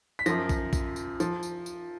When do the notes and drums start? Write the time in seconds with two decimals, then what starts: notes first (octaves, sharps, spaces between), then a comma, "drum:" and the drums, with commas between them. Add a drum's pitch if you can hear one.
0.19 B6
0.26 F#2 F3 A#6, drum: tambourine
0.49 drum: kick A#1, tambourine
0.73 drum: kick A#1, tambourine
0.96 drum: tambourine
1.20 F3, drum: tambourine
1.43 drum: tambourine
1.66 drum: tambourine